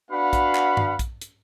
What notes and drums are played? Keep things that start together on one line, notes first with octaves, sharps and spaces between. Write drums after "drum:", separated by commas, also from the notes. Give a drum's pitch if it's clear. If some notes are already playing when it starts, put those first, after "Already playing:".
B3 D4 F#4 F5 F#5 B5
drum: kick A#1, hi-hat
drum: clap
drum: tom G2
drum: kick A#1, hi-hat
drum: hi-hat